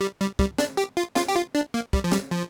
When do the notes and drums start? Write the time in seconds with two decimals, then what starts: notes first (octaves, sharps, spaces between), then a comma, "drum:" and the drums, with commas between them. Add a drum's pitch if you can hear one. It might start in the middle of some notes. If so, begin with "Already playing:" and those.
0.01 G3
0.20 G3
0.39 G3, drum: kick
0.58 D4, drum: snare
0.77 G4
0.97 F4
1.16 F4, drum: snare
1.28 G4
1.35 F4
1.55 D4
1.74 A#3
1.93 G3, drum: kick
2.04 F3
2.12 G3, drum: snare
2.31 F3